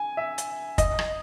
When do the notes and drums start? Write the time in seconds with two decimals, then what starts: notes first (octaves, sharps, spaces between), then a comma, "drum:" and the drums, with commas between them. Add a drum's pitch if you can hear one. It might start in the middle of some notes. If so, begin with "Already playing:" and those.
Already playing: G#5
0.17 E5
0.38 drum: hi-hat
0.78 D#5, drum: kick, hi-hat
0.99 drum: rim click